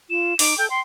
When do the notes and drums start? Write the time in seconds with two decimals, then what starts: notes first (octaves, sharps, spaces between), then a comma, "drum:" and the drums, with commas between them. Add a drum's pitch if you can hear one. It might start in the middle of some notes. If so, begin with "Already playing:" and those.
0.10 F4 E7
0.39 D#4 D6, drum: open hi-hat
0.58 A4 G5
0.70 G5 C6